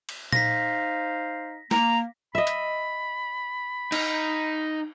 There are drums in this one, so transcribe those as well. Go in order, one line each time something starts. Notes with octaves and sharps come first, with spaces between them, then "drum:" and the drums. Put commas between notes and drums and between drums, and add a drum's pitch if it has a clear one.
drum: cymbal
D#4 C5 F5 A#6 B6, drum: tom A#2
A#3 A#5, drum: snare
D#5 E5 B5
drum: hi-hat
D#4, drum: cymbal